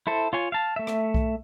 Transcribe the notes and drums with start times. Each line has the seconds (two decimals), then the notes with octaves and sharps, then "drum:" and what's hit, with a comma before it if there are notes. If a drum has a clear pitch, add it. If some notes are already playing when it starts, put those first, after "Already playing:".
0.07 E4 A4 C5
0.33 F4 C#5 G#5
0.52 F5 A5
0.76 A3 E5
0.87 drum: rim click
1.14 drum: kick B1